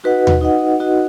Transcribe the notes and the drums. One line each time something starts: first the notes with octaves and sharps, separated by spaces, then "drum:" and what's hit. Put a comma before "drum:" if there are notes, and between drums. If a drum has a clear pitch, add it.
D#4 F#4 B4 D#5 F#5
drum: tom D#2
D#4 F#4 B4 D#5 F#5
D#4 F#4 B4 D#5 F#5